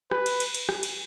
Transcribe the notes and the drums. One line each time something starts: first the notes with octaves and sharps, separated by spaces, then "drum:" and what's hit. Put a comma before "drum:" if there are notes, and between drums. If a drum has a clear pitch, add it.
B4, drum: rim click
drum: cymbal
drum: cymbal
drum: cymbal
drum: rim click
drum: cymbal